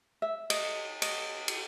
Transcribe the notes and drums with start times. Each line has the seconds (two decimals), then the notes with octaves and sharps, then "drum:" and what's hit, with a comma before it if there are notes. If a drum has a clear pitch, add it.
0.22 E5
0.50 D#5, drum: cymbal
1.02 D#5, drum: cymbal
1.48 drum: cymbal